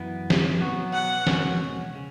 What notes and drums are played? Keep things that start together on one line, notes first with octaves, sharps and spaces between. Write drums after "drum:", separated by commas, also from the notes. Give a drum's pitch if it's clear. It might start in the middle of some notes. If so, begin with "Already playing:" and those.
Already playing: F#2 E3 B3
drum: snare
B2 F#3 B3 F#4
F#5
E2 B2 G#3 C#4 F#4, drum: snare
C#3